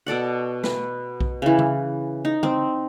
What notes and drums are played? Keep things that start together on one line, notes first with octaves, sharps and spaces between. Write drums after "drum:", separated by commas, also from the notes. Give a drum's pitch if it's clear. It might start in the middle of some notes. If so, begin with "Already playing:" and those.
B2 A4 D5 F#5
B4, drum: snare
drum: kick B1
C#3 E3
drum: tom C#3
D#4
C4, drum: tom C#3